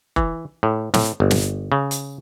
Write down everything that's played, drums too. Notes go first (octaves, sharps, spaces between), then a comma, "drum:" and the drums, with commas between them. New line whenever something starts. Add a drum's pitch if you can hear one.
E3, drum: kick F1
A2
A2, drum: snare
G1
drum: snare
C#3
drum: hi-hat